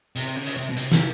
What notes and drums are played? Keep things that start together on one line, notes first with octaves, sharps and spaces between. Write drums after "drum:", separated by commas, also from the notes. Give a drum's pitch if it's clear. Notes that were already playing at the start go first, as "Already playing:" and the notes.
C3, drum: hi-hat
C#3
drum: hi-hat
C3
B2
C3, drum: hi-hat
drum: snare